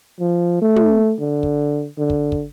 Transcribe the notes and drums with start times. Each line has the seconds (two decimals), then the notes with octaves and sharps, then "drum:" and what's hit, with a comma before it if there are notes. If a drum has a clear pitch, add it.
0.20 F3
0.61 A3
0.76 drum: tom
1.21 D3
1.43 drum: kick
1.98 D3
2.10 drum: kick
2.32 drum: kick